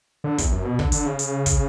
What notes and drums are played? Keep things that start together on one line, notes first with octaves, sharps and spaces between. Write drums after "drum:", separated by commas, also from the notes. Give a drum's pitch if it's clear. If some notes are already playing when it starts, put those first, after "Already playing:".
D3
E2, drum: kick, hi-hat
F#2
B2
D3, drum: kick
D3, drum: hi-hat
C#3
drum: hi-hat
drum: kick, hi-hat